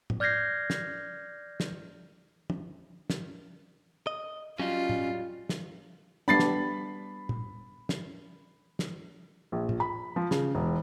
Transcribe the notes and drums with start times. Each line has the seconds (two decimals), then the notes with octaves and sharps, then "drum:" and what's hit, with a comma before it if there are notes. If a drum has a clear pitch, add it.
0.10 drum: tom A2
0.20 D5 F6 G6 G#6 A#6 C7
0.70 drum: snare
1.60 drum: snare
2.50 drum: tom
3.10 drum: snare
4.07 D#5
4.59 F#3 G3 C#4 F4 D#5
4.89 drum: tom
5.49 drum: snare
6.28 G3 B3 D4 B5 A6 C7
6.39 drum: snare
7.29 drum: tom
7.89 drum: snare
8.79 drum: snare
9.52 A#1
9.69 drum: tom
9.80 B5
10.16 F3
10.31 C#3, drum: snare
10.55 E1